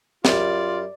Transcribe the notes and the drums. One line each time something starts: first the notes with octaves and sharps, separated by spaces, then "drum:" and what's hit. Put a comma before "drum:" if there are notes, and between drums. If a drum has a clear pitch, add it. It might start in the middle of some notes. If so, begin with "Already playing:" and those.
F#2 G3 F4 D5, drum: snare